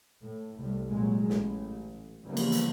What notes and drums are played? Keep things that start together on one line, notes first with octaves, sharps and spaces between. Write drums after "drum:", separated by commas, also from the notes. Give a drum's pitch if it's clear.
A2
C2 A2 G3
C2 A#2 F#3 G#3
A1, drum: snare
C#3 E3 F3 G3 A#3 B3
drum: cymbal
drum: hi-hat